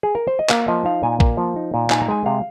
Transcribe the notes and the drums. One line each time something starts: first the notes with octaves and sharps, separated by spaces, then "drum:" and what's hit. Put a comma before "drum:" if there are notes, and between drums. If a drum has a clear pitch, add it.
G#4
A#4
C5
D#5
A#3 F5, drum: clap
F3 D#5
D#4 F5
A#2 G#5
A#3, drum: kick A#1
F3
D#4
A#2
D#4 G#5, drum: clap
A#5
G#3 G#5
C3 F5